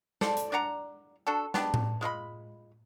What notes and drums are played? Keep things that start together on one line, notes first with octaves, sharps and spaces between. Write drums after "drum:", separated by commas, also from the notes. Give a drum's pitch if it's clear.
A4 C5 D5, drum: snare
drum: hi-hat
D4 D5 F#5 A#5
D4 F#4 A4
B3 D4 G4, drum: snare
drum: tom A2
G#3 F4 D#5 B5